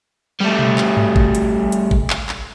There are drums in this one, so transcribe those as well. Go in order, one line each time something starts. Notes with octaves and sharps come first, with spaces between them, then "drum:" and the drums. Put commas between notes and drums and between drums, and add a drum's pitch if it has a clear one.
G3 A3
drum: tom B2
drum: clap
drum: tom G2
drum: kick G#1
drum: hi-hat
drum: hi-hat
drum: kick G#1
drum: clap
drum: clap